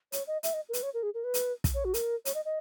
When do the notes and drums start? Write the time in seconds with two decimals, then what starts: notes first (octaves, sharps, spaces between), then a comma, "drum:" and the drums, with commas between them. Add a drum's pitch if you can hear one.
0.12 C#5, drum: hi-hat
0.27 D#5
0.43 E5, drum: hi-hat
0.54 D#5
0.69 A#4
0.73 B4, drum: hi-hat
0.83 C#5
0.94 A#4
1.03 G#4
1.14 A#4
1.24 B4
1.34 drum: hi-hat
1.64 drum: kick, hi-hat
1.74 C#5
1.85 F#4
1.94 A#4, drum: hi-hat
2.25 C#5, drum: hi-hat
2.34 D#5
2.45 D#5